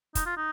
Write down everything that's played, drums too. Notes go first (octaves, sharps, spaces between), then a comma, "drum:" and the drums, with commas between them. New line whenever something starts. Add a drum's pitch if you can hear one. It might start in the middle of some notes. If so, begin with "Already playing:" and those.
D#4, drum: kick, hi-hat
F4
D#4